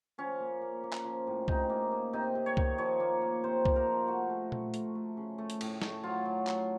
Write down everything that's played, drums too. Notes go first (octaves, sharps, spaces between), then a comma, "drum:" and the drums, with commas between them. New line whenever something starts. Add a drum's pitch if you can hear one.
F3 C#4
A#3
A#3
A#3
drum: clap
F3
A2
C3 D#4, drum: kick C2
A#3
A#3
C3 D#4
C3
C#5
D#3, drum: kick C2
F3 C#5
A#3
A#3
C3 C5
A#3, drum: kick C2
A#4
F3
A3 F#4
A3
A3, drum: tom A#2
A3, drum: hi-hat
A3
C#3
A3
drum: hi-hat
A2, drum: cymbal
A3, drum: snare
F#3 F4
F#3
F#3, drum: clap